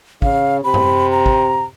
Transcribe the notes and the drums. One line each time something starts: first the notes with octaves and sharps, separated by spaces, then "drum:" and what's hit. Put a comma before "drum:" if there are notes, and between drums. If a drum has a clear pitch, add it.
C#3 F5, drum: kick
C3 B5
drum: tom F#2
A#5
drum: kick